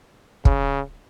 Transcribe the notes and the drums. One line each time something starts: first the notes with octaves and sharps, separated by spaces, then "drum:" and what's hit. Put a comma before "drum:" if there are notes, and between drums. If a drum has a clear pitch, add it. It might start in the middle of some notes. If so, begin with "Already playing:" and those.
C#3, drum: kick